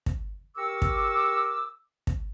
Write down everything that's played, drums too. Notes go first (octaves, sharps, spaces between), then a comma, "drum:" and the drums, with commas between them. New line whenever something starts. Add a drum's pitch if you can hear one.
drum: kick
G4 A#4 C#6 D6 E6
drum: kick
drum: kick